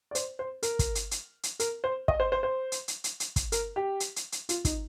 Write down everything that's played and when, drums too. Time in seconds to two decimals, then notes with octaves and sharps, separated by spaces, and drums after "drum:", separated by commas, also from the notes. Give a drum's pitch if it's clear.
0.11 D5
0.15 C5, drum: hi-hat
0.39 C5
0.63 A#4, drum: hi-hat
0.79 drum: kick, hi-hat
0.95 drum: hi-hat
1.11 drum: hi-hat
1.43 drum: hi-hat
1.60 A#4, drum: hi-hat
1.84 C5
2.08 D#5, drum: kick
2.20 C5
2.32 C5
2.43 C5
2.72 drum: hi-hat
2.88 drum: hi-hat
3.04 drum: hi-hat
3.20 drum: hi-hat
3.36 drum: kick, hi-hat
3.52 A#4, drum: hi-hat
3.76 G4
4.00 drum: hi-hat
4.16 drum: hi-hat
4.32 drum: hi-hat
4.49 F4, drum: hi-hat
4.65 D#4, drum: kick, hi-hat